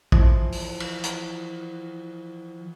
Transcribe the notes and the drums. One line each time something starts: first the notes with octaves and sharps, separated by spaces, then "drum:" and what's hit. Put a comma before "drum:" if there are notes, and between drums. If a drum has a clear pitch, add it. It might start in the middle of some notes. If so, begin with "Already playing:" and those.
E3 F3, drum: kick
drum: open hi-hat
drum: cymbal
drum: hi-hat